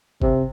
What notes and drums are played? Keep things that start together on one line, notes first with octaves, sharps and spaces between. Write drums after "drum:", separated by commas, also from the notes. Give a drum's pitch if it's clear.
C3, drum: kick G1